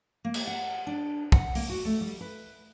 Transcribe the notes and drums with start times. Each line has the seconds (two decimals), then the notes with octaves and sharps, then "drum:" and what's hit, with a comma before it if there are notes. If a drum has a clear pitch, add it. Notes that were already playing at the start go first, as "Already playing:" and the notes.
0.25 A#3
0.34 drum: cymbal
0.47 F#5
0.87 D4
1.32 F#5, drum: kick
1.55 A#3, drum: open hi-hat
1.69 F#4
1.85 A3
2.01 G3
2.21 B4